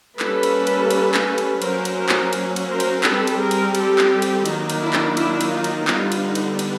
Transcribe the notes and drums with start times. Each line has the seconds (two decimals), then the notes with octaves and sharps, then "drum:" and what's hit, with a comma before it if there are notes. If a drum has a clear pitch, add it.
0.20 G3 A#3 C#4 A4 B4, drum: clap
0.43 drum: cymbal
0.67 drum: cymbal
0.91 drum: cymbal
1.14 drum: clap
1.38 drum: cymbal
1.62 F#3 A#3 C#4 A#4 C5, drum: cymbal
1.85 drum: cymbal
1.97 A#4 C5
2.09 drum: clap
2.33 drum: cymbal
2.56 drum: cymbal
2.68 A#4 C5
2.80 drum: cymbal
3.03 G3 C4 A4 B4, drum: clap
3.27 drum: cymbal
3.39 G#4 A#4
3.51 drum: cymbal
3.75 G4 A4, drum: cymbal
3.98 drum: clap
4.22 drum: cymbal
4.46 D#3 F#3 A#3 D#4, drum: cymbal
4.70 drum: cymbal
4.81 D4 E4
4.93 drum: clap
5.17 D4 E4, drum: cymbal
5.41 drum: cymbal
5.52 D#4 F4
5.64 drum: cymbal
5.88 D3 G3 B3 D4 D#4 F4, drum: clap
6.12 drum: cymbal
6.23 D#4
6.35 drum: cymbal
6.59 drum: cymbal